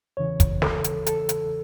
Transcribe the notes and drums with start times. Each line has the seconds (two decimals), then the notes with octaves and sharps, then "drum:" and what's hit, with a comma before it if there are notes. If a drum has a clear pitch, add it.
0.17 E2 C#3 E3 C#5
0.40 drum: kick, hi-hat
0.62 A4, drum: snare
0.84 drum: hi-hat
1.06 A4, drum: hi-hat
1.29 drum: hi-hat